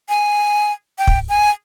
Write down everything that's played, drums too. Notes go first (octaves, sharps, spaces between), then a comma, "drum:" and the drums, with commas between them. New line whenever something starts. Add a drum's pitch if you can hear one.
G#5
G5
drum: kick
G#5